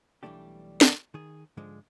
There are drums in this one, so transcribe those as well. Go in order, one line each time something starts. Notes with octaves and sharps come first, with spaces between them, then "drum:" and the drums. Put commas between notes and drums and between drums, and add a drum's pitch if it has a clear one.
B1 E3 G3 A3 D4 G4
drum: snare
D#3 G#4
G#2 D3 F3 G#3